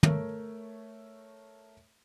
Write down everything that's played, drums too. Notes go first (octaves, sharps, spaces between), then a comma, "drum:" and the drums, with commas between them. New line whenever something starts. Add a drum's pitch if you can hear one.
A3 A#4 C#5 E5, drum: tom